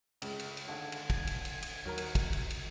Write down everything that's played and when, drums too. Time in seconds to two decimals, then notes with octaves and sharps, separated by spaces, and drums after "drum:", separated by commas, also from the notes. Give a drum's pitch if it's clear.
0.22 C#2 G#3, drum: cymbal
0.39 drum: cymbal
0.57 drum: cymbal
0.67 G#1 D3 F5 G#5
0.92 drum: cymbal
1.10 drum: kick, cymbal
1.27 drum: cymbal
1.45 drum: cymbal
1.62 drum: cymbal
1.85 D#2 F#3 A#4 A#5
1.98 drum: cymbal
2.15 drum: kick, cymbal
2.33 drum: cymbal
2.50 drum: cymbal